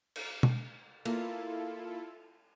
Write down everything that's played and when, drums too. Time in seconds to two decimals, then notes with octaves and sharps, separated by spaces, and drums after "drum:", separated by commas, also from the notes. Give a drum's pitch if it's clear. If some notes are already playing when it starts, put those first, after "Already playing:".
0.16 drum: cymbal
0.43 drum: tom B2
1.05 A#3 E4 F4 A4, drum: cymbal